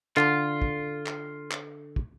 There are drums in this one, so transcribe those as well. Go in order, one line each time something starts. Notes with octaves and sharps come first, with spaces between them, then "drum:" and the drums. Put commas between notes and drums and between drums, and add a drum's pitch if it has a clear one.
D3 F4, drum: clap
drum: kick
drum: clap
drum: clap
drum: kick